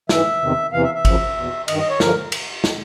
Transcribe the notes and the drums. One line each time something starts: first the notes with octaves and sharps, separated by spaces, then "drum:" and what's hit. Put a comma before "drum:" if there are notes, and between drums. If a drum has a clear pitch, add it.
G#2 E3 E5, drum: snare
E2 C3 D#3
E2 C3 E3 F5
E5
E5
F#2 C#3 F3, drum: kick G#1, cymbal
E2 B2
G2 D#3 D#5, drum: cymbal
D#5
C#5
G2 D3 F3 A#4, drum: snare
drum: cymbal
drum: snare